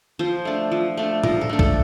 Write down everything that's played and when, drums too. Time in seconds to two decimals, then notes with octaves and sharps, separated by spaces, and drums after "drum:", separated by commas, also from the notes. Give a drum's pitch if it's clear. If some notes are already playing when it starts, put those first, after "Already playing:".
0.19 F3 C5
0.45 A3 D4
0.72 F3
0.97 A3 D4
1.24 F3 A#4, drum: tom A2
1.41 A4
1.49 A3 D4
1.59 A4, drum: kick